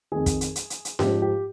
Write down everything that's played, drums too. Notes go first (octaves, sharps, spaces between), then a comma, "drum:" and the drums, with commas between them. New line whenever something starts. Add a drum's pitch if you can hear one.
F2 D#3 G#4
drum: kick, hi-hat
drum: hi-hat
drum: hi-hat
drum: hi-hat
drum: hi-hat
G#2 F3 G4, drum: snare C#4
G4